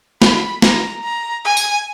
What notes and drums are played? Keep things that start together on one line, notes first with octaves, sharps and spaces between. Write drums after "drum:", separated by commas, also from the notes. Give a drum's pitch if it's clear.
B5, drum: snare
A#5, drum: snare
A#5
G#5
drum: tambourine